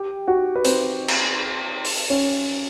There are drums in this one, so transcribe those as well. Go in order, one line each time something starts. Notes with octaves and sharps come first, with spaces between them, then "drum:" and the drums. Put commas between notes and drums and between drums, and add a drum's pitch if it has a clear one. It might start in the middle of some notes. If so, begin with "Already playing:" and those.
Already playing: G4 G5
F#4 F#5
B4
C4 C5, drum: hi-hat
drum: cymbal
drum: open hi-hat
C#4 C#5